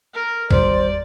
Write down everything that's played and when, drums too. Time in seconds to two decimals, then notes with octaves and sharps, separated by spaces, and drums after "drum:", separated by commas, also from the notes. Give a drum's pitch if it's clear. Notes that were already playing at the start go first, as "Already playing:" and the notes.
0.14 A#4
0.51 G#1 E2 G3 C5 D5, drum: kick A#1